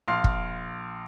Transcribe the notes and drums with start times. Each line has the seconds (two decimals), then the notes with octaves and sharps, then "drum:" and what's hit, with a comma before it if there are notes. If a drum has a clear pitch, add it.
0.08 A#1 F5 C6 F6 C7
0.24 drum: kick